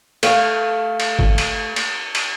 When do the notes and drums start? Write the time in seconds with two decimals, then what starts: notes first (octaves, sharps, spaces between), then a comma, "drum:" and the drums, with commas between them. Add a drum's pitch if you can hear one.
0.23 A3 F5, drum: cymbal
1.00 drum: cymbal
1.19 drum: kick G#1
1.38 drum: cymbal
1.76 drum: cymbal
2.15 drum: cymbal